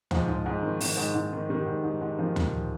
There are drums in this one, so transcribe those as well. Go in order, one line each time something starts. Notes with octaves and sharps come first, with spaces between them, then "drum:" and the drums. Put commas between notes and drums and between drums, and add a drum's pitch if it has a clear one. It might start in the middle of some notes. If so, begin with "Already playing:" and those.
G#2 F3, drum: tom D2
G#2
G#2
D#3
D#3, drum: open hi-hat
G#2
G#2
D#3
D#3 G3
G#2
G#2
G#2
D#3 F3
D#3, drum: tom D2